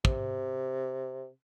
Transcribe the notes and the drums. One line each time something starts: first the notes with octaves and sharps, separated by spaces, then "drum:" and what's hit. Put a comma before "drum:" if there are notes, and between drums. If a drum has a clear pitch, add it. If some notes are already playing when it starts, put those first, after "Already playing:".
C3, drum: kick